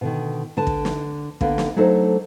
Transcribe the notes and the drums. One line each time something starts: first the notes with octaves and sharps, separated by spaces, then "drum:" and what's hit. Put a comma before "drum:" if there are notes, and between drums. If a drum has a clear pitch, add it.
B2 D3 D#3
D3 B4 A5
drum: kick
drum: snare
D3 A#3 B3, drum: kick
drum: snare
F#3 A3 D4 D#4 A4 C5